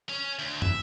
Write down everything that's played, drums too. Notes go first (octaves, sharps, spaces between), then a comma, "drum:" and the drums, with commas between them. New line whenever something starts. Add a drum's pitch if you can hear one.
C#4
D2
E5, drum: tom